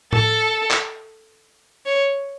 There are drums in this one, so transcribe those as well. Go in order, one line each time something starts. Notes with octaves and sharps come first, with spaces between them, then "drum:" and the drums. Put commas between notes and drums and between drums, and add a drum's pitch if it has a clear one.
A4, drum: tom A2
drum: clap
C#5